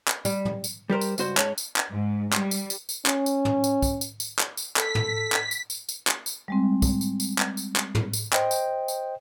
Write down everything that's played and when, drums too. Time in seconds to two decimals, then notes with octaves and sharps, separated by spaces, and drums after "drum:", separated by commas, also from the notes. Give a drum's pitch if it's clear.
0.08 drum: clap
0.25 G3, drum: tambourine
0.45 drum: tom
0.64 drum: tambourine
0.90 G3 G4 A#4 C5
1.01 drum: tambourine
1.18 C#2 G2 F#4 C5, drum: tambourine
1.37 G#2 C#5 A5, drum: clap
1.58 drum: tambourine
1.76 drum: clap
1.90 G#2
2.33 G3, drum: clap
2.51 drum: tambourine
2.70 drum: tambourine
2.89 drum: tambourine
3.06 C#4, drum: clap
3.26 drum: tambourine
3.45 drum: tom
3.64 drum: tambourine
3.82 drum: kick, tambourine
4.01 drum: tambourine
4.20 drum: tambourine
4.39 drum: clap
4.57 drum: tambourine
4.77 A4 B6, drum: clap
4.95 drum: tom
5.32 drum: clap
5.51 drum: tambourine
5.70 drum: tambourine
5.89 drum: tambourine
6.07 drum: clap
6.26 drum: tambourine
6.48 G3 G#3 C4
6.82 drum: kick, tambourine
7.01 drum: tambourine
7.20 drum: tambourine
7.38 drum: clap
7.57 drum: tambourine
7.76 drum: clap
7.95 drum: tom
8.13 drum: tambourine
8.33 C5 D#5 G5, drum: clap
8.51 drum: tambourine
8.88 drum: tambourine